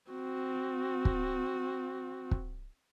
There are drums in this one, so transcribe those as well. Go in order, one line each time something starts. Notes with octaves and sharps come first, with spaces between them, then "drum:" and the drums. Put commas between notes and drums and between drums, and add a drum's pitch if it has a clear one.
C4 F#4
drum: kick
drum: kick